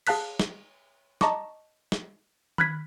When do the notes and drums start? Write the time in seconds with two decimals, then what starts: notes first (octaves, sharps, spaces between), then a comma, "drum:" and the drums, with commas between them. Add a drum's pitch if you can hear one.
0.07 G#4 F5 A5 F#6 B6, drum: cymbal
0.40 drum: snare
1.21 D#5 A5 A#5 C#6 D6, drum: snare
1.92 drum: snare
2.58 B5 F6 F#6 G#6 B6, drum: tom D#3